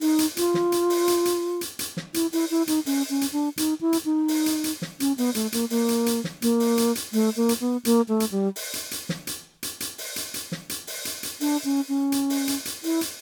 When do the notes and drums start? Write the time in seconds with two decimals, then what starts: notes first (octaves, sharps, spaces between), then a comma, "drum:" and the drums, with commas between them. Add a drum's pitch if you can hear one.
0.01 D#4, drum: open hi-hat
0.19 drum: hi-hat
0.37 F4, drum: hi-hat
0.54 drum: snare
0.72 drum: hi-hat
0.90 drum: open hi-hat
1.08 drum: hi-hat
1.25 drum: hi-hat
1.61 drum: hi-hat
1.79 drum: hi-hat
1.97 drum: snare
2.14 E4, drum: hi-hat
2.33 E4, drum: open hi-hat
2.50 E4
2.67 D#4, drum: hi-hat
2.86 C#4, drum: open hi-hat
3.10 C#4
3.21 drum: hi-hat
3.33 D4
3.58 D#4, drum: hi-hat
3.81 E4
3.93 drum: hi-hat
4.05 D#4
4.28 drum: open hi-hat
4.46 drum: hi-hat
4.64 drum: hi-hat
4.82 drum: snare
5.00 C#4, drum: hi-hat
5.18 B3, drum: open hi-hat
5.35 A3, drum: hi-hat
5.52 A#3, drum: hi-hat
5.70 A#3, drum: open hi-hat
5.89 drum: hi-hat
6.06 drum: hi-hat
6.24 drum: snare
6.42 A#3, drum: hi-hat
6.60 drum: open hi-hat
6.78 drum: hi-hat
6.95 drum: hi-hat
7.13 A3, drum: open hi-hat
7.36 A#3
7.49 drum: hi-hat
7.60 B3
7.85 A#3, drum: hi-hat
8.08 A3
8.20 drum: hi-hat
8.31 G3
8.56 drum: open hi-hat
8.74 drum: hi-hat
8.91 drum: hi-hat
9.09 drum: snare
9.27 drum: hi-hat
9.63 drum: hi-hat
9.80 drum: hi-hat
9.98 drum: open hi-hat
10.16 drum: hi-hat
10.34 drum: hi-hat
10.52 drum: snare
10.69 drum: hi-hat
10.87 drum: open hi-hat
11.05 drum: hi-hat
11.23 drum: hi-hat
11.41 D4, drum: open hi-hat
11.64 C#4
11.89 C#4
12.12 drum: hi-hat
12.30 drum: open hi-hat
12.48 drum: hi-hat
12.65 drum: hi-hat
12.84 E4, drum: open hi-hat
13.01 drum: hi-hat